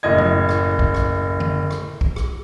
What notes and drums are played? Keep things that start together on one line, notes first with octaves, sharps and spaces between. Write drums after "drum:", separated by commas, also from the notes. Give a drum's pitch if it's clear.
F#1 A2 D#5 G#6
drum: tom A2
drum: rim click
drum: kick B1
drum: rim click
drum: tom D3
drum: rim click
drum: kick B1
drum: rim click